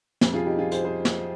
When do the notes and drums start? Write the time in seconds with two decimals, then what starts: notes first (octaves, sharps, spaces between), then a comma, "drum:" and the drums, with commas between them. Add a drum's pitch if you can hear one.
0.21 F2 C3 G3, drum: snare
0.34 F4 G#4
0.46 D#4 G4
0.59 F4 G#4
0.71 G#4 C5, drum: hi-hat
0.84 G#4 C5
1.05 drum: snare